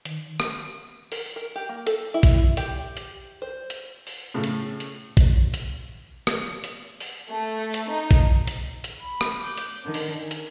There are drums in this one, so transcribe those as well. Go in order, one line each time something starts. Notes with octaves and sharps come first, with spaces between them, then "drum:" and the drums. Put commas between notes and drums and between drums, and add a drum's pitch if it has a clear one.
D#3, drum: hi-hat
drum: rim click
A#4, drum: open hi-hat
A#4
G4
A#3
A4, drum: hi-hat
E4
drum: kick A1, hi-hat
G4, drum: hi-hat
drum: hi-hat
C5
drum: hi-hat
drum: open hi-hat
A2 C#3 A3
drum: hi-hat
drum: hi-hat
drum: kick A1, hi-hat
drum: hi-hat
drum: rim click
drum: hi-hat
drum: open hi-hat
A3
drum: hi-hat
D#4
drum: kick A1, hi-hat
drum: hi-hat
drum: hi-hat
B5
drum: rim click
D6 F#6 G6
drum: hi-hat
D3 D#3
drum: open hi-hat
G#5
drum: hi-hat